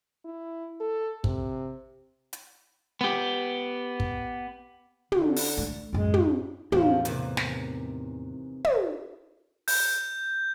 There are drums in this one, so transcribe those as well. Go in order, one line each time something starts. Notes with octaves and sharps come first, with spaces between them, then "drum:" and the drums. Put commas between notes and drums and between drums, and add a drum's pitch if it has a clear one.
E4
A4
C3, drum: kick
drum: hi-hat
B3 G4
drum: kick
D3, drum: tom
drum: open hi-hat
A3
F#2 A2 G#3
drum: tom
E2 A2 F3, drum: tom
C3 D#3 E3, drum: hi-hat
drum: snare
drum: tom
G6, drum: open hi-hat